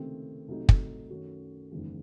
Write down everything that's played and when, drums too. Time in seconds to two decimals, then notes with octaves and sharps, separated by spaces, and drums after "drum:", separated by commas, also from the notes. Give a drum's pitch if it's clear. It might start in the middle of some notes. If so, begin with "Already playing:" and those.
Already playing: C#2 C3 D#3 A3 C4
0.48 C2 C3 F#3 A3 D#4
0.69 drum: kick
1.10 F#2 D#3 A3 C#4 F#4
1.72 F#1 E2 D#3 G#3 D#4